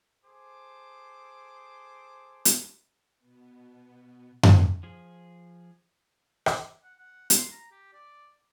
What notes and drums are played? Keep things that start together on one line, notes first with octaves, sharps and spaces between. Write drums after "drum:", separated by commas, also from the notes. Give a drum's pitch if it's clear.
G#4 A4 C5 D6
drum: hi-hat
B2 B3
drum: tom F#2
F3 G#4
drum: rim click
F#5
F#5
C6, drum: hi-hat
A#5
G4
D5